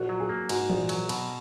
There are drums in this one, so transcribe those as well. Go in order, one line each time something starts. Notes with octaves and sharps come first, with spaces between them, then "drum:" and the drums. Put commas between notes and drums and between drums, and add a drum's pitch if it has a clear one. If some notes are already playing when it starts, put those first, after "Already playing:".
Already playing: A#1 F#4
F#3
G#4
A#3
G#2 F#4, drum: cymbal
A#1, drum: tom E3
F#3, drum: cymbal
B2, drum: cymbal